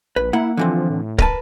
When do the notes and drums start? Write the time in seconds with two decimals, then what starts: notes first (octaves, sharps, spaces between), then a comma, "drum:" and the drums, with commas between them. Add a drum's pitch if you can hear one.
0.16 A#1 B4
0.33 A#3 E4 F#5
0.57 D3 E3 F3 C4
0.90 A2
1.18 A#4 B4 A5, drum: kick C#1